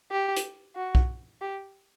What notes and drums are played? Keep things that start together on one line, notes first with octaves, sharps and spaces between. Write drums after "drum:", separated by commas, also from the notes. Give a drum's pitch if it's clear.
G4
drum: hi-hat
F#4
drum: kick B1
G4